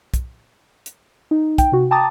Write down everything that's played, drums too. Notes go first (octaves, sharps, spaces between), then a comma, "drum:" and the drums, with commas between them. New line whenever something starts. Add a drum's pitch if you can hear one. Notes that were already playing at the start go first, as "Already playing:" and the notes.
drum: kick, hi-hat
drum: hi-hat
D#4
G5, drum: kick, hi-hat
C3 F#4
G5 A5 A#5 D6 D#6 A6